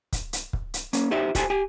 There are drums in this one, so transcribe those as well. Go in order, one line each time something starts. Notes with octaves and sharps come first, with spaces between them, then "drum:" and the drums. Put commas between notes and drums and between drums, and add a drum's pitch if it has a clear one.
drum: kick, hi-hat
drum: hi-hat
drum: kick
drum: hi-hat
A#3 C#4, drum: hi-hat
D#4 F#4 G4 C5 E5
F#4 G4 A4 C5 D#5 G#5, drum: kick, hi-hat
G4 G#5